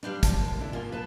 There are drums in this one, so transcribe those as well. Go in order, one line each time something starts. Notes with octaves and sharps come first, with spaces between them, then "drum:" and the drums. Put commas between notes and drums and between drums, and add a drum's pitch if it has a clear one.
G3 D4 B4 C5 F5
D4 A5 C6, drum: kick, hi-hat
D#2
D3 D4 E4
B2 A#3 F4 G#5
B4 A5